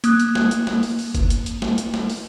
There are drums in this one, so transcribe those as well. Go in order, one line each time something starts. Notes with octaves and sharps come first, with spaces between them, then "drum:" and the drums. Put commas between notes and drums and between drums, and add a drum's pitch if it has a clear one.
A#3 D#6 F#6, drum: hi-hat
drum: hi-hat
drum: snare
drum: hi-hat
drum: snare
drum: open hi-hat
drum: open hi-hat
drum: kick G1, hi-hat
drum: hi-hat
drum: hi-hat
drum: snare
drum: hi-hat
drum: snare
drum: open hi-hat